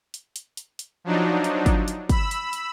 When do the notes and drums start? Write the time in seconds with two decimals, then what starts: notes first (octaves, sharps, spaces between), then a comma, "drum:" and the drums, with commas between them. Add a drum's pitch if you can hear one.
0.14 drum: hi-hat
0.36 drum: hi-hat
0.57 drum: hi-hat
0.79 drum: hi-hat
1.04 F3 F#3 D4 D#4
1.44 drum: hi-hat
1.66 drum: kick, hi-hat
1.88 drum: hi-hat
2.09 B5 E6, drum: kick, hi-hat
2.31 drum: hi-hat
2.53 drum: hi-hat